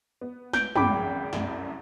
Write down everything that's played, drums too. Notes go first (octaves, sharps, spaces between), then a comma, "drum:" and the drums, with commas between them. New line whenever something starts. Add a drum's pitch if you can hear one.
B3
G6 D7, drum: snare
G#1 C#2 F#2 G5 B5 D6, drum: tom
C2 F#2 A3, drum: snare